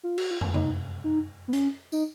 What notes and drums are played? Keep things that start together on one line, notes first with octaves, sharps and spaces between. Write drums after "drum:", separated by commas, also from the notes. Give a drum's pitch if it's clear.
F4
F#4, drum: cymbal
F4
drum: tom
D#4, drum: tom
D#4
B3
C#4, drum: hi-hat
D#4, drum: tambourine